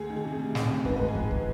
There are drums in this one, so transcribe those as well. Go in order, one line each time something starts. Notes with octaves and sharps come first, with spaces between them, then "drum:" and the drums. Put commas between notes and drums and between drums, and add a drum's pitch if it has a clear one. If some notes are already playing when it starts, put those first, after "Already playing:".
Already playing: D2 G#4
D#3
G#4
C3
G3
D2, drum: snare
D#3
G#2 B4, drum: kick
G#3 B4
G#4
F3, drum: kick
drum: kick